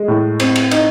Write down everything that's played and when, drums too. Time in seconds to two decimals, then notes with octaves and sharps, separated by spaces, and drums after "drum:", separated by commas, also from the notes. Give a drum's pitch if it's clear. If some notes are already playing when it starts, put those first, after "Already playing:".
Already playing: G#3
0.08 A2
0.40 C4, drum: cymbal
0.56 drum: cymbal
0.71 D#4, drum: cymbal